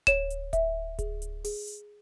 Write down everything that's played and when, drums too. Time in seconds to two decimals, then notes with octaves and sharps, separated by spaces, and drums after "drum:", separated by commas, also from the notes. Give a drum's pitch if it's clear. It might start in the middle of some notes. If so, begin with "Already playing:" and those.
0.07 C#5 E7, drum: kick D1, hi-hat
0.30 drum: hi-hat
0.53 E5, drum: kick D1, hi-hat
0.99 G#4, drum: kick D1, hi-hat
1.22 drum: hi-hat
1.44 G#4, drum: open hi-hat
1.67 drum: hi-hat